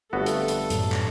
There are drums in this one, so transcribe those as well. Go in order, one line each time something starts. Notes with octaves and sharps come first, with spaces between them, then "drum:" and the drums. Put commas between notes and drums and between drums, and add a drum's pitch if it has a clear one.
G1 F2 A3 B3 F#4 A4
drum: hi-hat
drum: hi-hat
F#2 A2 F#3 D4, drum: hi-hat
drum: clap